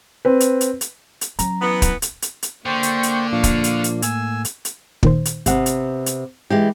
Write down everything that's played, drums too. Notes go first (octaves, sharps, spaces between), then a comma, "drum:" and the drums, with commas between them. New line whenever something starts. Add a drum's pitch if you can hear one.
C4 B4
drum: hi-hat
drum: hi-hat
drum: hi-hat
drum: hi-hat
F#3 C#4 A#5, drum: hi-hat
E3 B3
drum: kick, hi-hat
drum: hi-hat
drum: hi-hat
drum: hi-hat
D3 A#3 C5 G5 C#6
drum: hi-hat
drum: hi-hat
A#2 F3 D4 F5 C#6
drum: kick, hi-hat
drum: hi-hat
drum: hi-hat
A2 G#5 E6, drum: hi-hat
drum: hi-hat
drum: hi-hat
A#2 D#3 C5, drum: kick
drum: hi-hat
G#1 C3 B3 F#5, drum: hi-hat
drum: hi-hat
drum: hi-hat
E3 G#3 G4